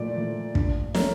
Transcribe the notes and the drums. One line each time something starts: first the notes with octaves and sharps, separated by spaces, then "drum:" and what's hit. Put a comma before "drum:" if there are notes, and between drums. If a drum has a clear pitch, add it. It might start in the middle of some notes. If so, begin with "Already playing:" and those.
Already playing: A#2 F3 A3 D5
F3 A3
G2, drum: kick
A3 C#4 A#4, drum: snare